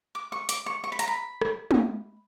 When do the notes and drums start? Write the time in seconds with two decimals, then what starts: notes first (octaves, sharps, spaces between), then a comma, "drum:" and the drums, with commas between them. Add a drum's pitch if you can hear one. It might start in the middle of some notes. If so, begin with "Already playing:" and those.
0.15 D6
0.32 C#6
0.49 D6, drum: hi-hat
0.66 C#6
0.84 C#6
0.92 B5
0.99 A#5, drum: hi-hat
1.08 B5
1.41 drum: rim click
1.71 drum: tom